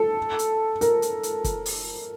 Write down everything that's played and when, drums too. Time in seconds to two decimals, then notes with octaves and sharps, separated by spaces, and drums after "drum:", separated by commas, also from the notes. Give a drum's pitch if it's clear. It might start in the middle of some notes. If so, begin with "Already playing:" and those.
Already playing: A4
0.39 drum: hi-hat
0.81 A#4, drum: hi-hat
1.02 drum: hi-hat
1.23 drum: hi-hat
1.44 drum: kick, hi-hat
1.66 drum: open hi-hat